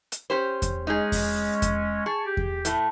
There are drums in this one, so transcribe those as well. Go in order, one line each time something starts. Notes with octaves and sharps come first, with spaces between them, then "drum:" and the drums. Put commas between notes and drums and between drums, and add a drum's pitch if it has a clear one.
drum: hi-hat
C#4 G4 C5
drum: kick E2, hi-hat
G#3 C#4 D#4 G#4
drum: kick E2, open hi-hat
drum: kick E2, hi-hat
G#4 A5 C#6
G4
drum: kick E2
A2 A3, drum: hi-hat